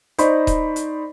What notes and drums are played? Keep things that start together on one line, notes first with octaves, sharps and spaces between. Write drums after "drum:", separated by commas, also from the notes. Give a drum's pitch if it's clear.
D#4 C5 D5 D#5 B5 C#6, drum: hi-hat
drum: kick D#1, hi-hat
drum: hi-hat